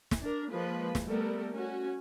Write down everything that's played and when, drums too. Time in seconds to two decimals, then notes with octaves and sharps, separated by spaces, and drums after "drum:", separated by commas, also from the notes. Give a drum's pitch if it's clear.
0.11 drum: snare
0.22 D4 A#4
0.51 F3 G#3 A#3 B4
0.95 drum: snare
1.08 G3 A3 B3 A4 A#4
1.54 C#4 F#4